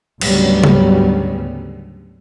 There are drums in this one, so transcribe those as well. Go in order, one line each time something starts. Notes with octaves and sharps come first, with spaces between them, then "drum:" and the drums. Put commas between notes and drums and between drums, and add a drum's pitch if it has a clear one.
D2 G#2 C#3 F#3 G3 B3, drum: cymbal
drum: tom C#3